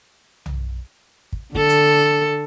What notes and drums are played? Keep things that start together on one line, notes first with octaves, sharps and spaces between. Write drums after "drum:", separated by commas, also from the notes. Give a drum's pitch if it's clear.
drum: tom B1
drum: kick
D3 A4, drum: kick
drum: hi-hat